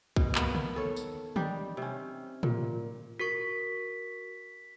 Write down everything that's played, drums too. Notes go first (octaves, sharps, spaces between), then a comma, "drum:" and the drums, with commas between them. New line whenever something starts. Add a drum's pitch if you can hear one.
B2, drum: kick
D#3 A#3 B3, drum: clap
drum: tom C3
A4 C#5
drum: tambourine
G3 D4 D#4 G4, drum: tom D3
C3 C#4
A#2, drum: tom A2
F#4 A#4 C#6 B6